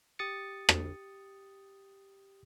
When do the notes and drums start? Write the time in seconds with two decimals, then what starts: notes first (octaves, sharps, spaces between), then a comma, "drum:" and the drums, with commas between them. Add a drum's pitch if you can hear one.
0.19 G4 D#6 A6 C#7
0.69 drum: rim click